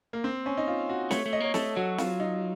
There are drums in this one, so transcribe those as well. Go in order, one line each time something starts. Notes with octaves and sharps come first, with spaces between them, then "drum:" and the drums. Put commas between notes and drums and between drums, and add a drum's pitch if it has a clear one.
A#3
C4
C#4
D#4
F4
F#4
A3 C#5, drum: snare
A3
D#5
A#3 C#5
A3 A4, drum: snare
F#3 F#4
F4, drum: snare
D#4